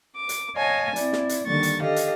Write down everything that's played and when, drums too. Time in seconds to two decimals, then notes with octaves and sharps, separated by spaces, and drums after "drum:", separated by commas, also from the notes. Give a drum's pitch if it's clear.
0.16 D6
0.29 drum: hi-hat
0.56 C#5 D#5 F5 G#5 A5
0.96 C4 E4 D5, drum: hi-hat
1.13 drum: snare
1.29 drum: hi-hat
1.47 D3 D#3 G3 A#3 C#6 A6
1.63 drum: hi-hat
1.82 G4 A4 D#5 F5
1.96 drum: hi-hat